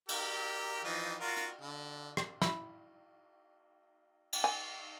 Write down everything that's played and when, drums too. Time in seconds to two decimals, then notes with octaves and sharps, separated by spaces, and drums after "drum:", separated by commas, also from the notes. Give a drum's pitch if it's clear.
0.09 G4 A#4, drum: cymbal
0.84 E3 F3 D#4
1.21 F4 F#4 A#4
1.37 drum: hi-hat
1.62 D3
2.17 drum: rim click
2.42 E4, drum: snare
4.33 drum: cymbal
4.44 G#5